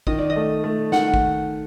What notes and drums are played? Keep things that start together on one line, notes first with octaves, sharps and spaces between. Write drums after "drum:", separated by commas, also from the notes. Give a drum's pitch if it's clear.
D#3 D#5, drum: kick
D5
D#5
A3
A3
D#3 F#5, drum: snare
drum: kick